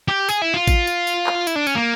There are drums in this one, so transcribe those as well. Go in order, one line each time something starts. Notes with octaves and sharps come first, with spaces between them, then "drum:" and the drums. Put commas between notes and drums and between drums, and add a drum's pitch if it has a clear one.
G4
G#4, drum: tambourine
E4
F4
drum: kick A1, tambourine
drum: tambourine
drum: tambourine
drum: clap
E4, drum: tambourine
D4
C#4, drum: tambourine
A#3